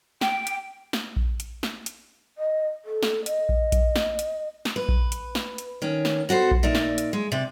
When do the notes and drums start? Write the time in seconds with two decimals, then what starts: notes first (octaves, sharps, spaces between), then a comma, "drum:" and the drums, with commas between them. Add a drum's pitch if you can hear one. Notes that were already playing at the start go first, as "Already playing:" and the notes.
0.21 G5, drum: snare
0.47 drum: hi-hat
0.93 drum: snare
1.17 drum: kick A#1
1.40 drum: hi-hat
1.63 drum: snare
1.86 drum: hi-hat
2.38 D#5
2.85 A4
3.03 drum: snare
3.26 D#5, drum: hi-hat
3.49 drum: kick A#1
3.72 drum: kick A#1, hi-hat
3.96 drum: snare
4.19 drum: hi-hat
4.65 drum: snare
4.76 B4
4.89 drum: kick A#1
5.12 drum: hi-hat
5.35 drum: snare
5.58 drum: hi-hat
5.82 D#3 C#4
6.05 drum: snare
6.29 B3 F#4 A4 C5
6.51 drum: kick A#1
6.63 A#2 D#4 D5 E5
6.75 drum: snare
6.98 drum: hi-hat
7.13 G#3
7.32 C3 D5